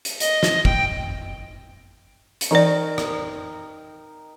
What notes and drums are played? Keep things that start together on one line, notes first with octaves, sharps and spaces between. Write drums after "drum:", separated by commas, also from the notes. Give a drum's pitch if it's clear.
drum: hi-hat
D#5, drum: hi-hat
drum: snare
G5, drum: kick
drum: hi-hat
E3 D#4 A#4 D5 G5
drum: rim click